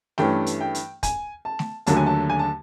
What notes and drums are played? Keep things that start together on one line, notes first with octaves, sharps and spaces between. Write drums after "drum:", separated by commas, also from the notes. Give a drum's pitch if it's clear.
G2 E3 A3 C#4 G5, drum: snare A3
drum: hi-hat
G5
drum: hi-hat
G#5, drum: kick, hi-hat
A5
drum: snare A3
D#2 D3 F#3 A3 A5, drum: hi-hat
G#5
A5
G#5
A5